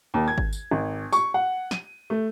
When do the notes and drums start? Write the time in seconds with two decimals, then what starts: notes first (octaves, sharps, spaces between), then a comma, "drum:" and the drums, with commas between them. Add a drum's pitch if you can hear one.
0.14 D#2
0.28 G#6
0.38 drum: kick G#1
0.53 drum: tambourine
0.71 G#1
1.13 C#6, drum: tambourine
1.34 F#5
1.71 D#7, drum: snare
2.10 A3